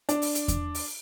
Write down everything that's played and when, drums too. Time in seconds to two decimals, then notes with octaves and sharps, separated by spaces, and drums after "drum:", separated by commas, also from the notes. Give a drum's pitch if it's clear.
0.09 D4, drum: hi-hat
0.22 drum: open hi-hat
0.35 drum: hi-hat
0.48 drum: kick E2, hi-hat
0.75 drum: open hi-hat